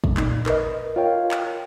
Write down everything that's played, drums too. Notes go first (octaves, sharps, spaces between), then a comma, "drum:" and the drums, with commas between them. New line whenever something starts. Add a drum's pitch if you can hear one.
drum: kick
A#2 D#4, drum: clap
A#4 B4 D#5, drum: clap
F4 A#4 C#5 F5 G5
drum: clap